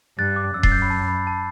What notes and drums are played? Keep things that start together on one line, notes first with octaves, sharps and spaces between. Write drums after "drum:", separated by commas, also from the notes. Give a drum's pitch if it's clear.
G2 F#6 A6
D6
F#2 E6
A6 C7, drum: kick D#1
G6
B5
A5
B5
A5